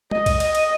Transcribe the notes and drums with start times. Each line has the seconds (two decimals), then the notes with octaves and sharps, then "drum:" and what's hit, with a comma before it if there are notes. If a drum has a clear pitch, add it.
0.11 D#5, drum: tom
0.26 drum: kick B1, cymbal
0.40 D#5, drum: cymbal
0.55 drum: cymbal